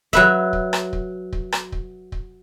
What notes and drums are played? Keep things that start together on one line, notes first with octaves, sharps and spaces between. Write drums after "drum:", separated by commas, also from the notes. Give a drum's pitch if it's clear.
F#3 B4 E5, drum: kick
drum: kick
drum: rim click
drum: kick
drum: kick
drum: rim click
drum: kick
drum: kick